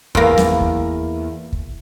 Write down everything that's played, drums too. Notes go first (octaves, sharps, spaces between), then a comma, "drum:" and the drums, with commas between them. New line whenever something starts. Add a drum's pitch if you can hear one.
E2 A#3, drum: kick
drum: snare
drum: kick
drum: kick